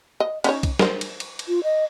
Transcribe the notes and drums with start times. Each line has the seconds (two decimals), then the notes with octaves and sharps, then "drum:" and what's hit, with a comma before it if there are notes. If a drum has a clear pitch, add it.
0.20 D#5
0.44 C#4 D#4 C#5, drum: cymbal
0.63 drum: kick, cymbal
0.79 A#4 C5, drum: snare
1.01 drum: cymbal
1.20 drum: cymbal
1.39 drum: cymbal
1.48 F4
1.64 D#5